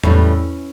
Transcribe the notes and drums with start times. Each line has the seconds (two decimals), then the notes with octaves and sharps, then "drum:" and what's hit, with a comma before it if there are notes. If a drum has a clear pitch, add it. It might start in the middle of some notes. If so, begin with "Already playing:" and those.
0.04 A2 E3 G3 C#4, drum: tom E2